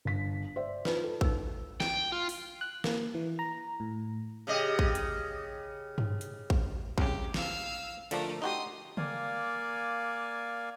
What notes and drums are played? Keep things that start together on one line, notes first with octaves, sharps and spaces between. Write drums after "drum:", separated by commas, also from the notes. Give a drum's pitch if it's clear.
G1 B6
C5 D5 E5
D#4 F4 B4, drum: snare
A4
D#4 E6, drum: kick
G5, drum: snare
F4
drum: open hi-hat
F#6
A#3, drum: snare
E3
A#5
A2
C#3 G4 D#5
drum: kick
drum: hi-hat
drum: tom G2
drum: hi-hat
drum: kick
C2 C#3 G4, drum: kick
F5 E6, drum: snare
D3 F3 A3 D4 A#4, drum: cymbal
D#4 F#4 G4 C6 D#6
A#3 D5 F5 G#5, drum: tom C#3